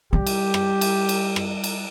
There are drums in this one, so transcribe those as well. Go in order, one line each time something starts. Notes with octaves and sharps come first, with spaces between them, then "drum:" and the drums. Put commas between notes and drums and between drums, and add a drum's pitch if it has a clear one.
G3 G4
drum: cymbal
drum: rim click
drum: cymbal
drum: cymbal
drum: rim click
drum: cymbal